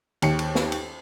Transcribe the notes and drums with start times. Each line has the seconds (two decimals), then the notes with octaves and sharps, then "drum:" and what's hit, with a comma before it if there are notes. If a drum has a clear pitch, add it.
0.22 D#2 G5 C#7, drum: cymbal
0.39 drum: cymbal
0.55 drum: snare
0.72 drum: cymbal